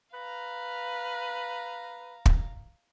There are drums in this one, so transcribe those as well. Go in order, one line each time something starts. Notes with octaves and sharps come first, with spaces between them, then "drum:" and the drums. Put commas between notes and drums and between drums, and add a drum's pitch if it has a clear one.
B4 F5 A#5
drum: kick